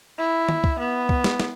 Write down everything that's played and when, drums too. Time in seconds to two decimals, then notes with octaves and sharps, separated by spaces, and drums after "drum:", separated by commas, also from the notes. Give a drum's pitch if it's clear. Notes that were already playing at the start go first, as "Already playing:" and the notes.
0.18 E4
0.49 drum: tom
0.64 drum: kick
0.79 B3
1.09 drum: kick
1.24 drum: snare
1.40 drum: snare